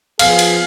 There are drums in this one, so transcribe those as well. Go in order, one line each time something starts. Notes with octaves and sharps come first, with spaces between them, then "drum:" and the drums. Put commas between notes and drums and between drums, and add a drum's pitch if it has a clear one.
F3 B3 F4 G#4 F5, drum: cymbal
drum: cymbal